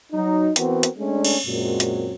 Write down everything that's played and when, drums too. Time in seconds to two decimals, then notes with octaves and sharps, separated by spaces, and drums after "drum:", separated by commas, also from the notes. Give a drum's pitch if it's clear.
0.13 F#3 D#4
0.56 E3 B3 C4 F#4 A#4, drum: hi-hat
0.83 drum: hi-hat
0.97 G#3 A3 C#4 D4
1.25 drum: cymbal
1.44 F#2 A#2 F#3 G#3 C4
1.80 drum: hi-hat